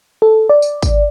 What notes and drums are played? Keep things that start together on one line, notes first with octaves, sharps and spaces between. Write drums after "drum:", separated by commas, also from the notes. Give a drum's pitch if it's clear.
A4
D5
drum: tambourine
drum: kick, tambourine